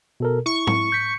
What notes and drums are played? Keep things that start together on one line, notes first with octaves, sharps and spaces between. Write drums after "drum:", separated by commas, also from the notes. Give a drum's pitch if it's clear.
B2 A4 A#4
E4 C#6
drum: tom A2
G6 B6